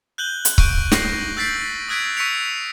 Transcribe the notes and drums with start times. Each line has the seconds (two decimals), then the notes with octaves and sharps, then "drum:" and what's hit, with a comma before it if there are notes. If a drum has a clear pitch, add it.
0.18 F#6 G6 F#7 G7
0.45 drum: hi-hat
0.58 C#6 F#6 G6 D7, drum: kick C#1
0.92 C#6 A#6 C7 F#7, drum: snare
1.37 E6 G6 A6 B6 C7 D7
1.89 D#6 E6 F#6 G#6 B6 D7
2.17 C#6 E6 B6 C#7 D7 F7